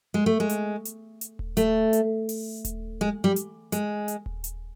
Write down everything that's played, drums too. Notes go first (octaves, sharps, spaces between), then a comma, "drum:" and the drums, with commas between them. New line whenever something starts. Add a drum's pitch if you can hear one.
G#3
A3
G#3
drum: hi-hat
drum: hi-hat
drum: hi-hat
drum: kick D#1
A3, drum: hi-hat
drum: hi-hat
drum: open hi-hat
drum: kick D#1, hi-hat
G#3
G3
drum: hi-hat
G#3, drum: hi-hat
drum: hi-hat
drum: kick D#1
drum: hi-hat